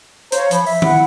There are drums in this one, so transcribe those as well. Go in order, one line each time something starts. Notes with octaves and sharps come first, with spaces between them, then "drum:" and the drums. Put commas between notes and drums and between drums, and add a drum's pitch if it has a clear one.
C5 C#5 F5 A#5, drum: hi-hat
F3 B5, drum: hi-hat
E5, drum: open hi-hat
E4 F#5 B5, drum: tom D#3